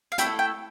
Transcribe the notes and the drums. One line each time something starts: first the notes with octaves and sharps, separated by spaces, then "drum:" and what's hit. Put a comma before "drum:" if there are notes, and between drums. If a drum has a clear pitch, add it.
F5
A3 E4 A4 G5, drum: hi-hat
G5